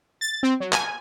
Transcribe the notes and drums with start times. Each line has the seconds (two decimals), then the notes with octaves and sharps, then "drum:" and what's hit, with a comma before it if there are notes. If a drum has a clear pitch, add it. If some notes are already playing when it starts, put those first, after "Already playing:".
0.21 A6
0.43 C4
0.60 F#3
0.73 G#5, drum: clap